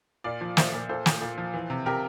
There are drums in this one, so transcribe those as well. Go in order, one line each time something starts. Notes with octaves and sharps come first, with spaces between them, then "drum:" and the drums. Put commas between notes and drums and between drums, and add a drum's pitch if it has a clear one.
A#2 D5 F5
F3
A#2 C5 E5, drum: snare
A#2
A#2 A4 C5
A#2, drum: snare
A#2
F3
E3
C3
C3 G4 A#4